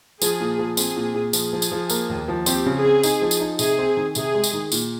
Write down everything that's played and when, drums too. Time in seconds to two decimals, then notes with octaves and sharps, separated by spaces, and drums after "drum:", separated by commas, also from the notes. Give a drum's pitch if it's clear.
0.22 F3 G#4, drum: tambourine
0.40 A#2
0.59 F3
0.77 C4 G#4, drum: tambourine
0.96 A#2
1.15 A#2
1.33 F3 G#4, drum: tambourine
1.53 F3
1.62 drum: tambourine
1.71 F3
1.90 A#3, drum: tambourine
2.09 D#2
2.28 F3
2.46 C4 G4, drum: tambourine
2.66 C#3
2.75 G#4
2.85 C4
3.03 D#4, drum: tambourine
3.22 F3
3.31 drum: tambourine
3.40 D#4
3.59 C3 G#4, drum: tambourine
3.79 C4
3.97 D#3
4.15 C3 G#4, drum: tambourine
4.34 G#3
4.44 drum: tambourine
4.53 D#3
4.72 A#2, drum: tambourine